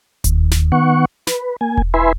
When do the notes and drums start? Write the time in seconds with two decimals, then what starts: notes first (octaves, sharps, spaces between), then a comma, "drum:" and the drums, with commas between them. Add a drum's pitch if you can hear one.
0.24 D#2, drum: kick E1, hi-hat
0.51 drum: snare
0.72 D#3 B3 F#5 C#6
1.27 B4, drum: snare
1.61 A#3 G#5
1.77 drum: kick E1
1.94 E4 B4 E5 G#5 B5 C6